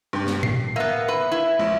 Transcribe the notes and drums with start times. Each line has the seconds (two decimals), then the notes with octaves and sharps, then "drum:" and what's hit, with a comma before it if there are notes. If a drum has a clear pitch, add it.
0.13 G2 G4
0.27 drum: snare
0.43 C7, drum: tom A2
0.76 A#3 B3 E5
1.08 B4
1.32 E4
1.59 A#1